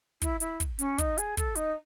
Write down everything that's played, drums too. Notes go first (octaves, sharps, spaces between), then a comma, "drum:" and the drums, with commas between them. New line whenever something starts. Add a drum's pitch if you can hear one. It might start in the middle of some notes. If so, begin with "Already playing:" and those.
E4, drum: kick, hi-hat
E4, drum: hi-hat
drum: kick, hi-hat
C#4, drum: hi-hat
D#4, drum: kick, hi-hat
G#4, drum: hi-hat
A4, drum: kick, hi-hat
D#4, drum: hi-hat